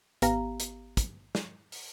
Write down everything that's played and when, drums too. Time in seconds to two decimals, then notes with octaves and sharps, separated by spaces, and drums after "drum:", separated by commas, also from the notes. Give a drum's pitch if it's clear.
0.22 G#1 B3 G4 F5 A#5, drum: hi-hat
0.60 drum: hi-hat
0.97 drum: kick, hi-hat
1.35 drum: snare
1.72 drum: open hi-hat